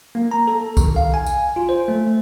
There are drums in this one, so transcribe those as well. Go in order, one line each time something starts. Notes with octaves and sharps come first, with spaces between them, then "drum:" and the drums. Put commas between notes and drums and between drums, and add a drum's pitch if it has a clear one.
A#3
A#5
A4
D#3, drum: kick B1, tambourine
F5
G#5
drum: tambourine
F4
C5
A3